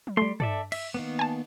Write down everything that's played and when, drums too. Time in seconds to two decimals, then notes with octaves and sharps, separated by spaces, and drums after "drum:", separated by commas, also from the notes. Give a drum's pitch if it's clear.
0.07 drum: tom F3
0.17 G3 A3 C6
0.40 A4 D5 E5, drum: tom
0.72 E5, drum: cymbal
0.94 D#3 A#3 B3
1.19 G#5 A5